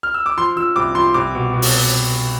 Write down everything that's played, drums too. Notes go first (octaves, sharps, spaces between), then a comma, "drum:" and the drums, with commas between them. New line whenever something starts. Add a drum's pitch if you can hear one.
F6
E6
D6
F3 C6
F3 E6
C2 D6
F3 C6
C2 D6
B2
B2
drum: open hi-hat